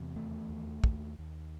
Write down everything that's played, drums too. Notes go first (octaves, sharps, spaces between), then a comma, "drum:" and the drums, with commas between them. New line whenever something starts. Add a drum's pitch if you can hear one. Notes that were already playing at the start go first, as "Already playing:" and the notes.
Already playing: E2 C3
D#2 A3
D#2
D#2, drum: kick
D#2